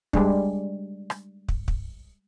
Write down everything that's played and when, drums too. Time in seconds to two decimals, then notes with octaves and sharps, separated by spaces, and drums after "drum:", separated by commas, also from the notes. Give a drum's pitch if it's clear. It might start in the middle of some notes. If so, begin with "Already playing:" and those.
0.13 G3 G#3 D4, drum: kick
1.10 drum: rim click
1.48 drum: kick
1.68 drum: kick